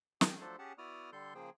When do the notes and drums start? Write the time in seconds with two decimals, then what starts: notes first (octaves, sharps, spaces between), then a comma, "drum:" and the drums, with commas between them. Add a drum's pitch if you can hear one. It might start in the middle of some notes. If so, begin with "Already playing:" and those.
0.21 G#4 G5, drum: snare
0.41 F3 F#3 A3 D4 A4 C5
0.59 C#4 G4 G#4 F#5 A5
0.78 B3 E4 F#4 D5 D#6 F6
1.12 D3 G3 A4 C6 G6
1.35 C#3 F3 A#3 G#4 C5 G5